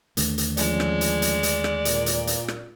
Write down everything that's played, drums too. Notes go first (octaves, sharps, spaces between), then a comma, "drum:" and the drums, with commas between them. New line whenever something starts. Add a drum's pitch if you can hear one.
D#2 D3 A3, drum: hi-hat
drum: hi-hat
F3 G#3 C#4 D5, drum: hi-hat
drum: rim click
drum: hi-hat
drum: hi-hat
drum: hi-hat
drum: rim click
A#2, drum: hi-hat
drum: hi-hat
drum: hi-hat
drum: rim click